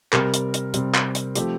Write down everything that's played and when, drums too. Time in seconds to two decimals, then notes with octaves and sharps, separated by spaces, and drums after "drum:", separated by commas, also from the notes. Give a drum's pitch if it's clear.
0.13 C3 G3 C4 A#4, drum: clap
0.34 drum: hi-hat
0.54 drum: hi-hat
0.74 C3 G3 C4, drum: hi-hat
0.95 drum: clap
1.15 drum: hi-hat
1.36 F3 A3 C4 G4, drum: hi-hat